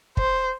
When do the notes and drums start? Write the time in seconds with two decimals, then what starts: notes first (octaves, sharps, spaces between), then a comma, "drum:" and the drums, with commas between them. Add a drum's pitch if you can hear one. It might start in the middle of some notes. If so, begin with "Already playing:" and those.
0.17 C5, drum: kick